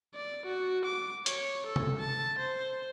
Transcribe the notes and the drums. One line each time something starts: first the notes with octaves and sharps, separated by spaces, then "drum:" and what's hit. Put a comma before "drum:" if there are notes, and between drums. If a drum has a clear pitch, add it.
D5
F#4
D6
C#5, drum: hi-hat
A4
drum: tom
A5
C5